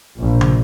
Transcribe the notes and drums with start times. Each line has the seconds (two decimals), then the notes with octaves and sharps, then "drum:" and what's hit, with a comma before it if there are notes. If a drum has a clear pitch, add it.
0.19 A#1
0.41 drum: tom